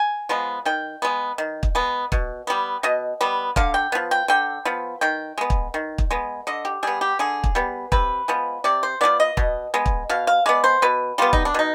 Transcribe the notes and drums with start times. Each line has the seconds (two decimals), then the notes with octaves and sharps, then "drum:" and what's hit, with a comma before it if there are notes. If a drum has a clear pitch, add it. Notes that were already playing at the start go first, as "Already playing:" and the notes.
Already playing: G#5
0.29 F3 G#3 B3
0.65 D#3 G5
1.02 G#3 B3
1.38 D#3
1.63 drum: kick
1.75 G#3 B3
2.12 B2, drum: kick
2.47 G3 B3
2.83 B2 D#5
3.21 G3 B3
3.56 D3 F5, drum: kick
3.74 G5
3.92 F3 B3
4.11 G5
4.28 D3 G5
4.65 F3 B3
5.01 D#3 G5
5.38 G#3 B3
5.50 drum: kick
5.74 D#3
5.98 drum: kick
6.11 G#3 B3
6.47 D3 D#5
6.65 G4
6.83 G3 B3 G#4
7.01 G4
7.19 D3 G#4
7.44 drum: kick
7.55 G3 B3
7.92 C3 B4, drum: kick
8.28 F3 G#3 B3
8.64 C3 D5
8.83 C5
9.01 F3 G#3 B3 D5
9.20 D#5
9.37 B2, drum: kick
9.74 G#3 B3
9.86 drum: kick
10.09 B2 F5
10.27 F5
10.46 G#3 B3 D5
10.64 C5
10.82 B2 B4
11.18 G3 B3 F4
11.33 D#4, drum: kick
11.45 D4
11.54 B2 D#4